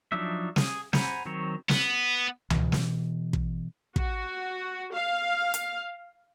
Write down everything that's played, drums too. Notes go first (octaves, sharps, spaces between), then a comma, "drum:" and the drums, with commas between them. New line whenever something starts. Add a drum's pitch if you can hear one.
F3 F#3 D4 D#4 E5
G#4, drum: snare
C5 F#5 G#5 A#5 B5, drum: snare
D#3 F#3 C4 C#5
B3, drum: snare
B2 E3, drum: tom C#2
drum: snare
drum: kick
F#4, drum: kick
F5
drum: hi-hat